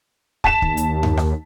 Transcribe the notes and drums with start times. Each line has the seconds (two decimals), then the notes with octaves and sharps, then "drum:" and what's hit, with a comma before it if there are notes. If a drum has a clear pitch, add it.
0.44 A5 B6 E7, drum: kick
0.62 D#2, drum: kick
0.77 drum: hi-hat
1.03 drum: tom F#2
1.17 drum: rim click